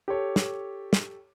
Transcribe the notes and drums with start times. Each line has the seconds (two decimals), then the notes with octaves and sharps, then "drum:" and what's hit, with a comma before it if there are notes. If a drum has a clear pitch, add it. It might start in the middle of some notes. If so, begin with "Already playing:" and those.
0.08 G4 A4 C#5
0.36 drum: snare
0.93 drum: snare